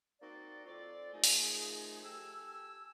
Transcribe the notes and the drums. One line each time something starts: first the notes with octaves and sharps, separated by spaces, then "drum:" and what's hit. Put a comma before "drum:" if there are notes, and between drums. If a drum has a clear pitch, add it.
A#3 C4 D#4 F#4 D5
F2 C4 F4 D5
D#3 F3 A3 D#4 G#4
drum: open hi-hat
G4 A4 G#5 E6